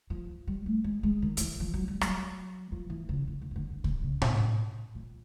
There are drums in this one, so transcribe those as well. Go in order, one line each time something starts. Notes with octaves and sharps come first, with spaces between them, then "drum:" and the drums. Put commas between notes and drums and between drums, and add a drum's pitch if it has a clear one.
F3
G3
A3
G#3
G#3
D#3
F3, drum: hi-hat
E3
F3
F#3
G3
F#3, drum: rim click
F3
E3
C#3
C#3
D3
C#3
D3
D3
C3, drum: kick C2
C#3
C#3, drum: tom A2
C3
A#2